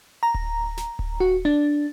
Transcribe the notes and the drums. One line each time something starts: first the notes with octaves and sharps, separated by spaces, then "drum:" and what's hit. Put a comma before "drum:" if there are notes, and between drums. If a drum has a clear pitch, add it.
A#5
drum: kick D1
drum: snare
drum: kick D1
F#4
D4